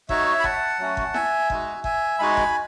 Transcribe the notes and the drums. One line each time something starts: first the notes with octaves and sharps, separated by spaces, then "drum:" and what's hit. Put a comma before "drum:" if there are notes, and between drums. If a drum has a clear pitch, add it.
A3 D#4 F#4 C#5 E5, drum: kick G1
B5
F#5 A5, drum: kick G1
F#3 A3 C#4 F#4
drum: kick G1
E5 G#5, drum: snare E4
G#3 D#4 F#4, drum: kick G1
E5 G#5, drum: kick G1
G#3 D#4 F#4 G#5 B5
drum: kick G1